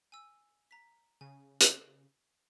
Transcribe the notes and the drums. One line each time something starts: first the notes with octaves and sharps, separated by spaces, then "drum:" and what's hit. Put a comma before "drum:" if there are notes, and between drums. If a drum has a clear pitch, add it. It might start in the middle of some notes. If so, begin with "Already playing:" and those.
G#5 E6
A#5 B6
C#3 G#5
drum: hi-hat